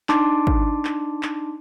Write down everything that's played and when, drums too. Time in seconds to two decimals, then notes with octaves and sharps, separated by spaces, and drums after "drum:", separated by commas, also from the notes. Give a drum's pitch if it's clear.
0.09 D4 D#4 A5 C6 D6, drum: clap
0.47 drum: kick G#1
0.85 drum: clap
1.23 drum: clap